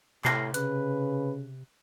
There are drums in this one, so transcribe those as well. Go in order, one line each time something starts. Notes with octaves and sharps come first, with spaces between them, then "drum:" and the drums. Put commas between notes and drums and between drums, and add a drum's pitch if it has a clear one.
A2 C3 F6 A#6 C7, drum: clap
C#3 B4 F#6, drum: hi-hat